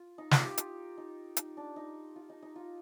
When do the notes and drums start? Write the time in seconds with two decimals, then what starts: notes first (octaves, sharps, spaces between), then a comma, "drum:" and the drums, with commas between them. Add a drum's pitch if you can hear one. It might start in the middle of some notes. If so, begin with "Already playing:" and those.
Already playing: F4
0.18 D#4
0.31 F4, drum: snare
0.44 G4
0.58 F4, drum: hi-hat
0.98 D#4
1.37 D#4, drum: hi-hat
1.57 D4
1.76 D#4
2.16 F4
2.29 D#4
2.42 D#4
2.56 F4